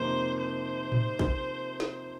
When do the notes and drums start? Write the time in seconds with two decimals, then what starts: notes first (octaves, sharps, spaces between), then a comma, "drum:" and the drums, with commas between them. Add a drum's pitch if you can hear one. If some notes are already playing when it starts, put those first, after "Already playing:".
Already playing: F2 C3 D#3 A#3 C5
0.40 C5
0.92 drum: tom A2
1.19 drum: kick
1.80 drum: snare